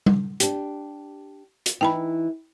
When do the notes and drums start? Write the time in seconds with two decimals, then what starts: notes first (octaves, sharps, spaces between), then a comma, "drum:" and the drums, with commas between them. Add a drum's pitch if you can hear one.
0.06 drum: tom G3
0.40 D4 G4, drum: hi-hat
1.66 drum: hi-hat
1.81 E3 D#4 E4 G5 A5 B5